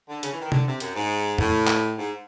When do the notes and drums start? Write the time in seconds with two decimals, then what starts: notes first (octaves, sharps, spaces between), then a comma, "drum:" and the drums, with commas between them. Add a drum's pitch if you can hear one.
0.08 D3
0.23 C#3, drum: hi-hat
0.32 E3
0.41 D#3
0.52 D3, drum: tom C3
0.66 C3
0.80 F#2, drum: hi-hat
0.95 G#2
1.38 A2, drum: tom E2
1.67 drum: clap
1.96 G#2